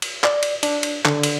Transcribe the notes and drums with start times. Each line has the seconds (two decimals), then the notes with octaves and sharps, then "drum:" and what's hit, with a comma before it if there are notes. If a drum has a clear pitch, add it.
0.02 drum: cymbal
0.24 D5, drum: clap
0.43 drum: cymbal
0.63 D4, drum: cymbal
0.83 drum: cymbal
1.05 D3, drum: clap
1.23 drum: cymbal